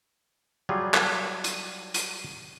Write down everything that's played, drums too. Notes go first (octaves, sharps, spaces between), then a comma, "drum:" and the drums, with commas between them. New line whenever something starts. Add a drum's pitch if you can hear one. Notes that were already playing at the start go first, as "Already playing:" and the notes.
F#3 G3 F4 G#4
drum: clap
drum: hi-hat
drum: hi-hat